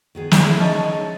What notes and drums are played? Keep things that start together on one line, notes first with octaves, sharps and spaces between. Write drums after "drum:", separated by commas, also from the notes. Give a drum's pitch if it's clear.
D#3 B3 G#4
C#4 E4 G#4, drum: snare
D#4 C#5 A5